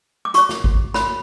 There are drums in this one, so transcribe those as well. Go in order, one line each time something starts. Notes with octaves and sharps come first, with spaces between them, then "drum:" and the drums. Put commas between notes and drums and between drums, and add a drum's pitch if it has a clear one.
D6
F#4 C#5 C#6, drum: hi-hat
drum: snare
drum: kick G#1
F#4 C#5 B5, drum: snare